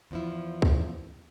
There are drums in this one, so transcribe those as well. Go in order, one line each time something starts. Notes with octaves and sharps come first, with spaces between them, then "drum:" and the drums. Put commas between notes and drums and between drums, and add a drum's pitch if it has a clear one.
E2 F3 E4
drum: kick